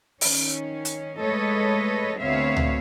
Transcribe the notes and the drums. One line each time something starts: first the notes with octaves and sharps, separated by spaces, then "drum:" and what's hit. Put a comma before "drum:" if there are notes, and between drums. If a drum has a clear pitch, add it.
D#3 C#4, drum: open hi-hat
drum: hi-hat
G#3 A3 A4 B4 C#5 D#5
D2 B3 C4 C#5 E5 F5
drum: tom C#2